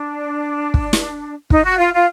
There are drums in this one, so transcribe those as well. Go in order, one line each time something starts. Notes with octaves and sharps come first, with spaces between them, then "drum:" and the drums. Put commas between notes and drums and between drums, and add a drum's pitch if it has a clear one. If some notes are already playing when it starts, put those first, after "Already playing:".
Already playing: D4
drum: kick
drum: snare
D#4, drum: kick
F#4
F4
F4